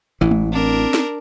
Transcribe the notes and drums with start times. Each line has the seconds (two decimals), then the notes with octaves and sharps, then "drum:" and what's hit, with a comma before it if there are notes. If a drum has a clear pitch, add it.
0.21 A1 E3 E4
0.31 drum: tom G#3
0.52 C4 D4 A#4
0.94 drum: snare